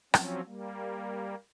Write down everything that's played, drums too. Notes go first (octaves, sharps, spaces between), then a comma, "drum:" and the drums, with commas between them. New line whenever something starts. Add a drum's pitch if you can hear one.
F3 F#3 C4 C#4, drum: rim click
G3 A#3